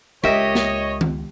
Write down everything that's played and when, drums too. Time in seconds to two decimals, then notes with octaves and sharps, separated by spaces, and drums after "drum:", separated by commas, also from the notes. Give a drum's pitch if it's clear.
0.24 C#2 G4 A#4 C#5 D#5 E5
0.55 drum: snare
1.01 drum: tom D#3